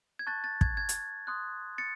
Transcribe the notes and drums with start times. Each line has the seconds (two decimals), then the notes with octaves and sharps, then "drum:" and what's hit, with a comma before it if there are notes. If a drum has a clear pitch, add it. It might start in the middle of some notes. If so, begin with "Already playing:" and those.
0.19 G#6
0.27 A5 C#6 F#6 A6
0.44 A6
0.61 G#6, drum: kick
0.77 G#6
0.89 drum: hi-hat
1.27 C6 D#6 F#6
1.78 A6 C#7